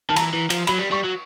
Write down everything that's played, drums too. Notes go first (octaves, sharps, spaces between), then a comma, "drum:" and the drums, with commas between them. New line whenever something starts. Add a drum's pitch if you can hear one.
D#3 A5
E3 A#5, drum: cymbal
E3
F3, drum: cymbal
F#3 B5, drum: cymbal
G3
G3 C#6
F#3